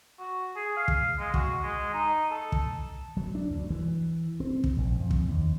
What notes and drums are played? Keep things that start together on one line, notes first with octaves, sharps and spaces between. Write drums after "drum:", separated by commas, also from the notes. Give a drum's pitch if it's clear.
F#4
G#4
F5
drum: kick
G#3
F#4, drum: kick
G#3
D#4
A4
drum: kick
F#3
D4
D2
E3
C4
drum: kick
A#1
F2
drum: kick
D#2